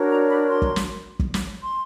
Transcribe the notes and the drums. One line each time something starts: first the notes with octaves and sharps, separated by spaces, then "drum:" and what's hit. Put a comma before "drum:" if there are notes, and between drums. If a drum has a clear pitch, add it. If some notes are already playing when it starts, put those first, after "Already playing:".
Already playing: D4 F#4 A#4 C#5
A#5
B5
C6
drum: kick
drum: snare
drum: kick
drum: snare
C6